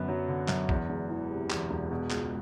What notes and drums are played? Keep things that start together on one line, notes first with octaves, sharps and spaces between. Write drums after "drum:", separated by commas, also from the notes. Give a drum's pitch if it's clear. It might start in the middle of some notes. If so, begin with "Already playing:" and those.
Already playing: F#2 D3 B3
F#3
D3
F#2, drum: clap
E2, drum: kick A#1
E1
E3
C3
E2, drum: clap
E1
B2
C#2, drum: clap